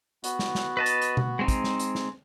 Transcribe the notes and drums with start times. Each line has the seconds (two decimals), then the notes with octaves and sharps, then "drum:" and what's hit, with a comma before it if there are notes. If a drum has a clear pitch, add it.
0.24 B3 F#4, drum: hi-hat
0.39 drum: snare
0.55 drum: snare
0.77 B4 D#5 A5
0.86 drum: hi-hat
1.02 drum: hi-hat
1.17 drum: tom B2
1.39 G#3 C4 D#4
1.48 drum: kick, hi-hat
1.64 drum: snare
1.79 drum: hi-hat
1.95 drum: snare